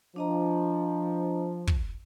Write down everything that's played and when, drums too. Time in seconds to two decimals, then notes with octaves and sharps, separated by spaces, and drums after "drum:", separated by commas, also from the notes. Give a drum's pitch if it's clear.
0.16 F3 D4 D#5 A#5
1.68 drum: kick